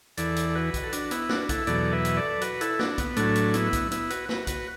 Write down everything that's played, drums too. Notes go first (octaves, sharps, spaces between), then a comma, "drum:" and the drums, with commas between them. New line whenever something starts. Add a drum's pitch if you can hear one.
E2 E3 A4 D5, drum: hi-hat
drum: hi-hat
A4
F#4 B4
drum: kick B1, hi-hat
A4
D4 F#4, drum: hi-hat
B3 E4, drum: hi-hat
D4 F#4, drum: snare
E4 A4, drum: kick B1, hi-hat
E2 B2 F#3 A4 D5, drum: hi-hat
B4 E5
drum: hi-hat
A4 D5
F#4 B4, drum: hi-hat
E4 A4, drum: hi-hat
D4 F#4, drum: snare
B3, drum: kick B1, hi-hat
A2 F#3 A3 D4, drum: hi-hat
drum: hi-hat
B3 E4, drum: hi-hat
drum: kick B1, hi-hat
B3 E4, drum: hi-hat
F#4 B4, drum: hi-hat
F#4 B4, drum: snare
F#4 B4, drum: kick B1, hi-hat